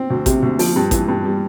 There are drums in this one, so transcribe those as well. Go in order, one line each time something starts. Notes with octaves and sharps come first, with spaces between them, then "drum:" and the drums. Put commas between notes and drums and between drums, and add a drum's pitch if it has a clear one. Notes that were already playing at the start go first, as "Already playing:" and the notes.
Already playing: C4
D2
C3, drum: kick A1, hi-hat
D2
F3, drum: open hi-hat
G2
E3, drum: kick A1, hi-hat
G2
G3